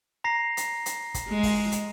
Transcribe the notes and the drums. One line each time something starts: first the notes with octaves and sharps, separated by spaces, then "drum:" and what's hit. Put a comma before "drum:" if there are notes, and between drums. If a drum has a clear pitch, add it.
A#5 A#6 C7
drum: hi-hat
drum: hi-hat
drum: kick, hi-hat
G#3
drum: kick, open hi-hat
drum: hi-hat